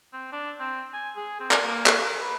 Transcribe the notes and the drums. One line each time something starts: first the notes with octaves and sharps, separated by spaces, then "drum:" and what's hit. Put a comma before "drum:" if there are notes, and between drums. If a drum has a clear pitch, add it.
C4
D4
C4
G#5
G#4
C4
drum: clap
A#3
drum: clap
A#4
B4